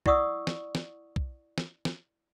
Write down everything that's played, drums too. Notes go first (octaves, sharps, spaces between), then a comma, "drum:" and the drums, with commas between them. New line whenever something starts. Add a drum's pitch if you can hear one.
E4 D5 F#5 C#6 D#6 E6, drum: kick
drum: snare
drum: snare
drum: kick
drum: snare
drum: snare